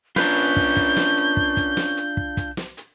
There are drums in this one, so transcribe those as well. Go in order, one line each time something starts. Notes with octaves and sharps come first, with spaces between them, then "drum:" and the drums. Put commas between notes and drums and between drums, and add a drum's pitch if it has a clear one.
C#4 D4 F4 A#4 B4 G6, drum: snare
drum: hi-hat
drum: kick
drum: kick, hi-hat
drum: snare
drum: hi-hat
drum: kick
drum: kick, hi-hat
drum: snare
drum: hi-hat
drum: kick
drum: kick, hi-hat
drum: snare
drum: hi-hat